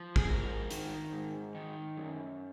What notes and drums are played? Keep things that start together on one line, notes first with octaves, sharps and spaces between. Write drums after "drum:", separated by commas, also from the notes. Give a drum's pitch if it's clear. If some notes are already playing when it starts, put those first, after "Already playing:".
Already playing: F3
G#4, drum: kick A1
G#2 A#4
D#3, drum: hi-hat
G#2
D#3
F#2